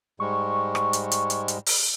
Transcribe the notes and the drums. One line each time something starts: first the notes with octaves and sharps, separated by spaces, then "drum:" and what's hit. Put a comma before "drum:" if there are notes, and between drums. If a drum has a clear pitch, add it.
G#2 G3 G#3 C#6
drum: rim click
drum: hi-hat
drum: hi-hat
drum: hi-hat
drum: hi-hat
drum: open hi-hat